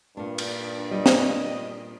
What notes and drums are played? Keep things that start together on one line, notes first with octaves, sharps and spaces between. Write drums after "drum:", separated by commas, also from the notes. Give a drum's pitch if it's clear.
G2 A#2 D4
drum: cymbal
G3 D#5
drum: snare